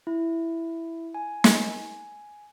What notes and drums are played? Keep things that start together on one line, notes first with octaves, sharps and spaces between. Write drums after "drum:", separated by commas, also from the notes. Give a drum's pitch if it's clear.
E4
G#5
drum: snare